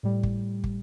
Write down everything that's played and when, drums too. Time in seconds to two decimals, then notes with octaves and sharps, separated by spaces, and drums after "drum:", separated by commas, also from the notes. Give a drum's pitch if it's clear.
0.03 A2 G3
0.23 drum: kick
0.64 drum: kick